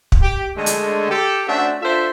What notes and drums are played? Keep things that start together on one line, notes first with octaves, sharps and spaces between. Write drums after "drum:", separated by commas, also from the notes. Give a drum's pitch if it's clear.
drum: kick
G4
D3 G#3 A3
drum: hi-hat
G4 A4
A3 C#4 D4 F#4 C5 E5
D4 F4 A4 C5 E5